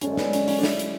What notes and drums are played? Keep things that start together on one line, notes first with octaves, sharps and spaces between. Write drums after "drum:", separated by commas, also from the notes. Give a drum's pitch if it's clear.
F#2 D3 G#3 C#4, drum: hi-hat
A3
B3, drum: snare
C#4, drum: hi-hat
C#4, drum: open hi-hat
D4
E4, drum: snare
drum: hi-hat